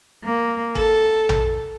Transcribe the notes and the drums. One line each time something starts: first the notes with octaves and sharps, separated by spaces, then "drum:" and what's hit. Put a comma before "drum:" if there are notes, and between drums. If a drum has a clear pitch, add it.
A#3
A4, drum: kick
drum: tom A#1